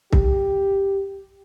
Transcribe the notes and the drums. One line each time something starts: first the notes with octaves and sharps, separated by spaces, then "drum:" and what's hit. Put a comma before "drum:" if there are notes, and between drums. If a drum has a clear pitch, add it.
G4, drum: kick C2